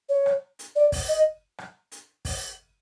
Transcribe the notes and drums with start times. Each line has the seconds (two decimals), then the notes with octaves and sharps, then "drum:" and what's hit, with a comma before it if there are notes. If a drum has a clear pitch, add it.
0.09 C#5
0.26 drum: rim click
0.59 drum: hi-hat
0.76 D5
0.92 drum: kick, open hi-hat
1.09 D#5
1.58 drum: rim click
1.92 drum: hi-hat
2.25 drum: kick, open hi-hat